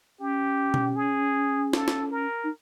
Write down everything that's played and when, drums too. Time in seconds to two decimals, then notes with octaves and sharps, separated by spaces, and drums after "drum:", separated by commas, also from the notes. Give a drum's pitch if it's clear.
0.20 C#4 G4
0.74 drum: tom B2
0.96 G#4
1.73 A4, drum: snare
1.88 drum: snare
2.11 A#4
2.44 D#4